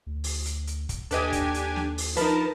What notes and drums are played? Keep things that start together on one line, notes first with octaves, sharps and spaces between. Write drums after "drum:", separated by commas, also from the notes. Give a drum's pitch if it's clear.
D2
drum: open hi-hat
drum: hi-hat
drum: hi-hat
drum: kick, hi-hat
D#2 D4 G4 A4 B4 D#5 G#5, drum: hi-hat
drum: kick, hi-hat
drum: hi-hat
drum: snare
drum: open hi-hat
F3 D#4 A#4 B4 A5, drum: hi-hat